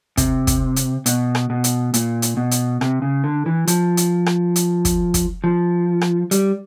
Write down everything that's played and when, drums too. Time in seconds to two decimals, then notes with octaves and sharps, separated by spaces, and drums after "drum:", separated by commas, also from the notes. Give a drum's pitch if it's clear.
0.17 C3, drum: kick, hi-hat
0.47 drum: kick, hi-hat
0.76 drum: hi-hat
1.06 B2, drum: hi-hat
1.35 drum: rim click
1.50 B2
1.64 drum: hi-hat
1.94 A#2, drum: hi-hat
2.22 drum: hi-hat
2.37 B2
2.51 drum: hi-hat
2.81 C3, drum: rim click
3.02 C#3
3.24 D3
3.46 E3
3.67 F3, drum: hi-hat
3.97 drum: hi-hat
4.26 drum: rim click
4.56 drum: hi-hat
4.85 drum: kick, hi-hat
5.14 drum: kick, hi-hat
5.44 F3
6.01 drum: rim click
6.31 G3, drum: hi-hat